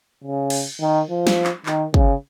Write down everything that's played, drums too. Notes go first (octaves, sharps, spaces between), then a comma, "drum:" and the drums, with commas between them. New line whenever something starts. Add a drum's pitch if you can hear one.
C#3
drum: cymbal
D#3
F3
drum: snare
drum: clap
D#3, drum: clap
C#3, drum: kick